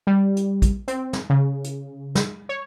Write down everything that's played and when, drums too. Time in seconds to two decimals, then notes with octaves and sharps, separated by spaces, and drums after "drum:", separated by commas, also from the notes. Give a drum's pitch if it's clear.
0.07 G3
0.37 drum: hi-hat
0.62 drum: kick, hi-hat
0.88 C4, drum: hi-hat
1.13 drum: snare
1.30 C#3
1.64 drum: hi-hat
2.15 drum: snare
2.49 C#5